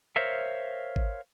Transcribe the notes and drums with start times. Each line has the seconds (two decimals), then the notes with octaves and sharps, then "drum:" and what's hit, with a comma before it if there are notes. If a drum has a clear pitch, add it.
0.16 A#4 C5 C#5 E5 F5
0.96 drum: kick G#1